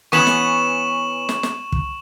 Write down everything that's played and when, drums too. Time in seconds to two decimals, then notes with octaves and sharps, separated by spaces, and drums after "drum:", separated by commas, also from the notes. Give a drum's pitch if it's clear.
0.12 E3 B3 C#4 C#6 E7 F#7
0.27 drum: snare
1.29 drum: snare
1.43 drum: snare
1.72 drum: kick